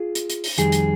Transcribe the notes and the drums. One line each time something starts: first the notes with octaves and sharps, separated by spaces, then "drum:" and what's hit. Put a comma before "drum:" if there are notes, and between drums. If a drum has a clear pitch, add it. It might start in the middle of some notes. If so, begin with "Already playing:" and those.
Already playing: F4 G#4
drum: hi-hat
drum: hi-hat
drum: open hi-hat
F2 D#3 G3 G#4, drum: hi-hat
drum: hi-hat